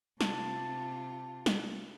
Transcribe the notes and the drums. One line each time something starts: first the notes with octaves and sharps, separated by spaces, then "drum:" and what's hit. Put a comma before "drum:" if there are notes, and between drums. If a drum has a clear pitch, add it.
C3 F4 A5, drum: snare
drum: snare